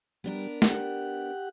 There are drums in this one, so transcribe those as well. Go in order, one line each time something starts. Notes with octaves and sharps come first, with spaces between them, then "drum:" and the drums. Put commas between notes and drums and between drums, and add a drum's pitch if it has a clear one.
G3 B3 D4 A#4
G4 F#5, drum: snare